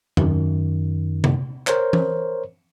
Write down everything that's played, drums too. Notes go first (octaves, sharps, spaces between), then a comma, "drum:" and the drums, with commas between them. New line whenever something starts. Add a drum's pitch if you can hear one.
F#2 D#3, drum: tom E2
drum: tom C3
A#4 C5 C#5, drum: clap
drum: tom E3